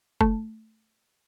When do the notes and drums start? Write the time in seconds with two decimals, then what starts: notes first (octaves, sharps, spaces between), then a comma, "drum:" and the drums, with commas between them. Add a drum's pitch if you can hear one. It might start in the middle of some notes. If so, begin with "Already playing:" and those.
0.21 A3, drum: kick F#1